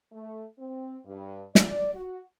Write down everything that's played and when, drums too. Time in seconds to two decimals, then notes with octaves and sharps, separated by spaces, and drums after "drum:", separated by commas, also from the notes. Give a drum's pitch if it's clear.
0.12 A3
0.58 C4
1.05 G2
1.55 D5, drum: snare
1.94 F#4